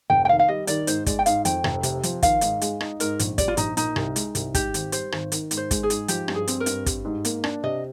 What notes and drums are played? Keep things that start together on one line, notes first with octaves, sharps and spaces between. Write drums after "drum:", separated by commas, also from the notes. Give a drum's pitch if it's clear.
F1 G5
G5
D#3 F5
F5
G3 D#5
D#3 D5, drum: hi-hat
G#2 C5, drum: hi-hat
G#3 D5, drum: kick, hi-hat
G5
G#2 F5, drum: hi-hat
F2 G5, drum: hi-hat
F1, drum: rim click
C3, drum: hi-hat
F3, drum: hi-hat
D#3 F5, drum: kick, hi-hat
G#2, drum: hi-hat
G#3, drum: hi-hat
D#4, drum: rim click
G#2 A#4, drum: hi-hat
A#1, drum: hi-hat
G3 D5, drum: kick, hi-hat
F4
A#1 D#4, drum: hi-hat
A#2 D#4, drum: hi-hat
C2, drum: rim click
G#3, drum: hi-hat
C2, drum: hi-hat
G#2 G4, drum: kick, hi-hat
G#1, drum: hi-hat
G3 C5, drum: hi-hat
G#1, drum: rim click
D#3, drum: hi-hat
G#2, drum: hi-hat
C5
G#3, drum: kick, hi-hat
G#4
G#2, drum: hi-hat
F3 G4, drum: hi-hat
G2, drum: rim click
G#4
C4, drum: hi-hat
A#4
G2, drum: hi-hat
G3, drum: kick, hi-hat
G#2
A#3, drum: hi-hat
D4, drum: rim click
C3 D#5